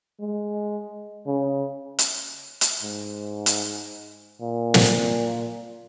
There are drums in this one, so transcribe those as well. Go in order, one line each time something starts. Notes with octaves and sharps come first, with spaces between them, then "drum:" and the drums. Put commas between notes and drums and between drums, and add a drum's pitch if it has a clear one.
G#3
C#3
drum: hi-hat
drum: hi-hat
G#2
drum: hi-hat
A#2
drum: snare